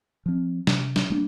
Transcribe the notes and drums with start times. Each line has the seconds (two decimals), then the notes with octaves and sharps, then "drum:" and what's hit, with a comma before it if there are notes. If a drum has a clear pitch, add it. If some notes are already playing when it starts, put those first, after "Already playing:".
0.26 F3 C4
0.67 C3, drum: snare
0.96 drum: snare
1.10 G3 A#3 D4